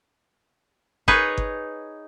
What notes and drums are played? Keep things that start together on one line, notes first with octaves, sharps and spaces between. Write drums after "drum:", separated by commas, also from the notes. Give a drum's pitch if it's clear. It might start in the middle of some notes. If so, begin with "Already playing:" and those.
D#4 G#4 B4 C#5, drum: kick G1
drum: kick G1